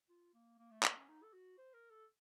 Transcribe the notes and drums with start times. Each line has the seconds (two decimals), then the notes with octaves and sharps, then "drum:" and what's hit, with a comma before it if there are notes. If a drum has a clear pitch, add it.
0.09 F4
0.34 A#3
0.59 A#3
0.71 A3
0.83 A#3, drum: clap
0.96 C#4
1.08 D#4
1.23 A4
1.33 F#4
1.58 C5
1.74 A#4
1.90 A4